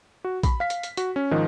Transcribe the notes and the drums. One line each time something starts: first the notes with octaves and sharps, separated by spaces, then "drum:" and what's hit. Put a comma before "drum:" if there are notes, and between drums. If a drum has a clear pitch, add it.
F#4
B5, drum: kick A#1, hi-hat
F5 B6
drum: hi-hat
drum: hi-hat
F#4, drum: hi-hat
C#4
G#2 D#3 F3 D#5 F#6